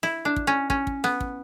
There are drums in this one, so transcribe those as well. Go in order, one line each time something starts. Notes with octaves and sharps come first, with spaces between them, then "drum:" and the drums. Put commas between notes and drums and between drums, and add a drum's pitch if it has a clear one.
E4, drum: snare
D4
drum: kick
C#4
C#4, drum: kick
drum: kick
B3, drum: snare
drum: kick